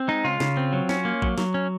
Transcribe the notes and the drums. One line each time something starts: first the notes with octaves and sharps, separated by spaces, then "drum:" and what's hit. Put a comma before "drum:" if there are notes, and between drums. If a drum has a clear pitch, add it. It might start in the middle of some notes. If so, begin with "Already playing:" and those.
Already playing: C4
G#3 D#4
C#3 F4
C#3, drum: snare
C4
F#3
C#4, drum: snare
A#3
F#3, drum: kick A1
F#3, drum: snare
C#4